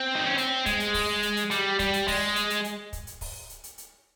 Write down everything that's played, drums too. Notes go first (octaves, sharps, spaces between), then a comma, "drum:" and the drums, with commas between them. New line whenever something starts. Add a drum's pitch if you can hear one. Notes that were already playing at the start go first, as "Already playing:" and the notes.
Already playing: C4
D#4
C#4
C4, drum: hi-hat
G#3, drum: kick, hi-hat
drum: hi-hat
drum: kick, open hi-hat
drum: hi-hat
drum: hi-hat
G3, drum: hi-hat
G3, drum: kick, hi-hat
drum: hi-hat
G#3, drum: kick, open hi-hat
drum: hi-hat
drum: hi-hat
drum: hi-hat
drum: kick, hi-hat
drum: hi-hat
drum: kick, open hi-hat
drum: hi-hat
drum: hi-hat
drum: hi-hat